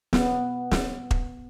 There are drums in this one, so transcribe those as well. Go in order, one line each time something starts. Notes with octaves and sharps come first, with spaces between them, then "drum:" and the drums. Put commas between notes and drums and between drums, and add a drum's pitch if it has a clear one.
B3, drum: snare
drum: snare
drum: kick E1